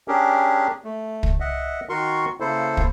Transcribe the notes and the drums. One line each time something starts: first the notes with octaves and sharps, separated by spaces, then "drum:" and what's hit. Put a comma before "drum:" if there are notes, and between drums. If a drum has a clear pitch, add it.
C#4 D4 G4 G#4 A#4
A3
drum: kick
D#5 E5 F#5
D#3 F#4 A#4 C6 C#6
C#3 A#3 E4 A4 C5
drum: kick